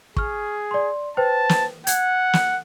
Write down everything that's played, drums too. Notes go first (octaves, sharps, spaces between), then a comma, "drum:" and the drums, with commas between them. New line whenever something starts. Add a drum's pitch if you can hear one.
G#4 C#6 F6, drum: kick
D5 C6
B4 C5 G5 A5
drum: snare
F#5 G#6, drum: hi-hat
drum: snare